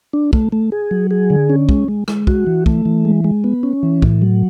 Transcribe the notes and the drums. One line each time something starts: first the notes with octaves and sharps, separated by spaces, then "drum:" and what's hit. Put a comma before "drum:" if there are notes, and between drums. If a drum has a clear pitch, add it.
D4
A3, drum: kick
A3
G#4
F#3
G#4
D3
C#4
G#3, drum: kick
G#3
G#3, drum: rim click
F#4, drum: kick
E3
A3, drum: kick
E3
G#3
G#3
B3
C#4
E3
A2, drum: kick
F#3